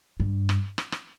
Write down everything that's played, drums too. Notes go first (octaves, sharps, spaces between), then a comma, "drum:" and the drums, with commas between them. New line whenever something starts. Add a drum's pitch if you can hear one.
G2
drum: rim click
drum: rim click
drum: rim click